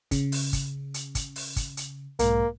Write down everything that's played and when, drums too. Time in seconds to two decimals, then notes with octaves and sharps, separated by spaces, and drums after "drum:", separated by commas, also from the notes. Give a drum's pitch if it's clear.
0.11 C#3, drum: kick, hi-hat
0.32 drum: open hi-hat
0.53 drum: kick, hi-hat
0.94 drum: hi-hat
1.15 drum: kick, hi-hat
1.36 drum: open hi-hat
1.56 drum: kick, hi-hat
1.77 drum: hi-hat
2.19 B1 G#2 A#3, drum: hi-hat